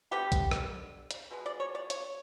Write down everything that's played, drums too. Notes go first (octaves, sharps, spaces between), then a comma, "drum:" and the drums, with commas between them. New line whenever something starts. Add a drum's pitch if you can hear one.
D3 G3 B3 G4
drum: kick, hi-hat
drum: rim click
drum: hi-hat
B2 G#3 B3
D5
C#5
D5
C#5, drum: hi-hat